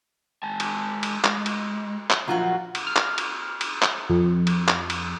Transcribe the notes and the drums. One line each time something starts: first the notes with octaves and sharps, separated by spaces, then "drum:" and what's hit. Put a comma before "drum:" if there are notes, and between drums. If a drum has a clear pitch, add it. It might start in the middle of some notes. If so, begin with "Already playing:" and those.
G#3 G#5 A5
drum: cymbal
drum: cymbal
G#3, drum: clap
drum: cymbal
drum: clap
A#2 F3 F#3 F4 F#4
drum: cymbal
F6
drum: clap
drum: cymbal
drum: cymbal
drum: clap
F2
drum: cymbal
drum: clap
drum: cymbal